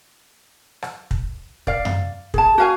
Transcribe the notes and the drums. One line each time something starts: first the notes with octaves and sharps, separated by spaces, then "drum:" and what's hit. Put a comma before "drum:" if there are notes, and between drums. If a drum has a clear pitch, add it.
drum: rim click
drum: kick
D5 F5, drum: kick
drum: tom F#2
G#4 A5, drum: kick
F#4 F5 G#5